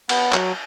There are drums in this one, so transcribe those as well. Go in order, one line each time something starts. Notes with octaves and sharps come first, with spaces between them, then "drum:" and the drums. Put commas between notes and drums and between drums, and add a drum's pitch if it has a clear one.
B3, drum: cymbal
F#3, drum: clap